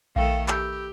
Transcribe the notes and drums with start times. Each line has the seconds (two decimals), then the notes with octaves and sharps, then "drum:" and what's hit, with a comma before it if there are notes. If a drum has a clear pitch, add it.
0.16 D#3 A3 A4 F5 G5, drum: kick A#1
0.48 G4 B5 E6 G6, drum: clap